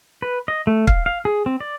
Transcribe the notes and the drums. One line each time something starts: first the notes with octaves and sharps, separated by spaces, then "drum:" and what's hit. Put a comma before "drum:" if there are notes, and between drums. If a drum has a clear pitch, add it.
B4
D#5
A3
F5, drum: kick
F5
G#4
C4
D5